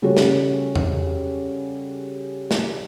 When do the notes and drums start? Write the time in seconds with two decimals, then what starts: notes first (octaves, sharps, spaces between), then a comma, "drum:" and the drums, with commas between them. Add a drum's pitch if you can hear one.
0.02 C#3 G3 F#4 A4 C#5
0.17 drum: snare
0.76 drum: tom E2
2.51 drum: snare